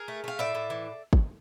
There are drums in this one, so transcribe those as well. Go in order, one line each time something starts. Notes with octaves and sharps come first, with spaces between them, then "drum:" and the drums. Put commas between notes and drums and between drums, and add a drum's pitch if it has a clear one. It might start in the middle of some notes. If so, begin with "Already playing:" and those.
Already playing: G#4 A#4
A3
A3 F5
A2 D5 E5
A2
E3
drum: kick G#1